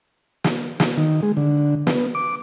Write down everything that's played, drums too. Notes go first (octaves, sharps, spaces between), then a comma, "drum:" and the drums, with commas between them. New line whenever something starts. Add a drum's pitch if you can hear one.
drum: snare
drum: snare
D#3
G#3
D3
B3, drum: snare
D6